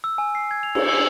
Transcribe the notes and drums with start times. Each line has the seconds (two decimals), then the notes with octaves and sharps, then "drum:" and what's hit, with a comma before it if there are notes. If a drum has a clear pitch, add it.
0.04 E6
0.18 G#5
0.35 C7
0.51 G#6
0.63 F7
0.75 E6, drum: cymbal
0.89 E6